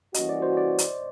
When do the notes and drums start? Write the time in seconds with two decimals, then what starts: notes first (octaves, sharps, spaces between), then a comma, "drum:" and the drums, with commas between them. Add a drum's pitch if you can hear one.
0.14 E3 G3 A#3 C#4 F#4 D#5, drum: hi-hat
0.29 D5
0.42 C5
0.57 D5
0.78 drum: hi-hat